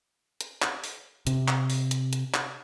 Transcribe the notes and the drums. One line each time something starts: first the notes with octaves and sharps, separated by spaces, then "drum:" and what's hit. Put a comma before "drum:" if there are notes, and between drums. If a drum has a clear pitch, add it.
drum: hi-hat
drum: clap
drum: open hi-hat
C3, drum: hi-hat
drum: clap
drum: open hi-hat
drum: hi-hat
drum: hi-hat
drum: clap